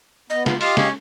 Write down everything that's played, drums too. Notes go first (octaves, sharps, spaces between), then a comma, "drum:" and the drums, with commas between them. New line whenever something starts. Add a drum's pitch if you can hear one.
B3 D#5
F4, drum: snare
F4 G4 D#5 F5, drum: open hi-hat
C#4, drum: snare